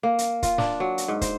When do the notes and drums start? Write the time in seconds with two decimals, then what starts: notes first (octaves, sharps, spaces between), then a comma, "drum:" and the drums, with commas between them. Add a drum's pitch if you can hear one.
0.03 A#3
0.19 drum: hi-hat
0.43 F4, drum: kick, hi-hat
0.58 D4, drum: snare
0.80 F#3
0.98 drum: hi-hat
1.08 G#2
1.21 C5, drum: kick, hi-hat